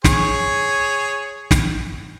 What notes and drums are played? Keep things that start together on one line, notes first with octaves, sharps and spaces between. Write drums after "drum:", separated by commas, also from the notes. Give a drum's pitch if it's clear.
G#4 C#5, drum: snare
drum: snare